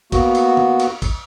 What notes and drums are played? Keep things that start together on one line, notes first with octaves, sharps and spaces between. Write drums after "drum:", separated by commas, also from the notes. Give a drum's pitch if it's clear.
A#3 B3 F#4, drum: kick, cymbal
drum: cymbal
drum: tom D3
drum: cymbal
drum: kick, cymbal